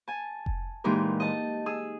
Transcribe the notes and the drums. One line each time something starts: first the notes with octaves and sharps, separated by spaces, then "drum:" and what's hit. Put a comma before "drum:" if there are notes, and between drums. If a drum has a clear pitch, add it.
G#5 A5
drum: kick F1
A#2 E3 G#3 D#4 G4 A#4
D#5 A5
G#4 D#6 E6